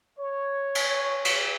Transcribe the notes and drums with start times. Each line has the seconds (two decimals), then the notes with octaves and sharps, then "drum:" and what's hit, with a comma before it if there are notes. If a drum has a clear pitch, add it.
0.19 C#5
0.75 drum: cymbal
1.25 drum: cymbal